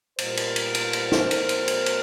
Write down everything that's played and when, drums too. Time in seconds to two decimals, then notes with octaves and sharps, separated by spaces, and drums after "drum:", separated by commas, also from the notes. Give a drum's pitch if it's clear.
0.18 A#2 G3 B3 A#4 C5, drum: cymbal
0.37 drum: cymbal
0.56 drum: cymbal
0.75 drum: cymbal
0.93 drum: cymbal
1.12 drum: snare
1.31 B2 F#3 A3, drum: cymbal
1.49 drum: cymbal
1.68 drum: cymbal
1.86 drum: cymbal